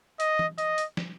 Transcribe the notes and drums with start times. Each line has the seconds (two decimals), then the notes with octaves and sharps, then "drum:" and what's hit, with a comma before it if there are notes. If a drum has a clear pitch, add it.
0.20 D#5, drum: hi-hat
0.39 drum: tom E3
0.58 D#5, drum: hi-hat
0.78 drum: hi-hat
0.97 drum: snare